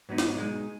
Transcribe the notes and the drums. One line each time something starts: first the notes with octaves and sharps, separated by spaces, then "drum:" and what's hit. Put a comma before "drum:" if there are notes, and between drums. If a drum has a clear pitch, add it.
G#2 F#3 B3 D#4
drum: snare
B2 G#3 D#4